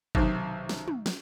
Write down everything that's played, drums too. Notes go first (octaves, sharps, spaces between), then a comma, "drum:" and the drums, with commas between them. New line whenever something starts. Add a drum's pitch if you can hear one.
B1 C3 D#3, drum: kick
drum: snare
drum: tom
drum: snare